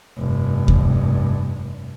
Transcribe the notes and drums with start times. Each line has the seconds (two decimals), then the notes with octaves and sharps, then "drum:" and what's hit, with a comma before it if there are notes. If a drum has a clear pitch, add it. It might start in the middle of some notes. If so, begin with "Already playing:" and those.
0.18 F1 G2
0.68 drum: kick D#2